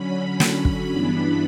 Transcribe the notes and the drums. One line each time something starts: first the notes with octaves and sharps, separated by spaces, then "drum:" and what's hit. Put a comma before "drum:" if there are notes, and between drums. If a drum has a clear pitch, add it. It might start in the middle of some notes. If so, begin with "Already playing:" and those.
Already playing: D3 F#3 C#4 B5
drum: snare
drum: kick
G2 E3 B3 D4